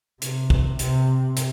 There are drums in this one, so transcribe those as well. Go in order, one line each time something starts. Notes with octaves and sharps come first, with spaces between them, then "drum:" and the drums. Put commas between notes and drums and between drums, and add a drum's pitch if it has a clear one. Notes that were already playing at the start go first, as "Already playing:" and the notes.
C3, drum: hi-hat
drum: kick
C3, drum: hi-hat
drum: hi-hat